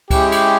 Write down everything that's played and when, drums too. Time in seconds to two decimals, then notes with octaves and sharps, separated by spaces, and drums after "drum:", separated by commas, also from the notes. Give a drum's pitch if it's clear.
0.10 G#3 C#4 E4 G4, drum: kick C#2, cymbal
0.32 drum: cymbal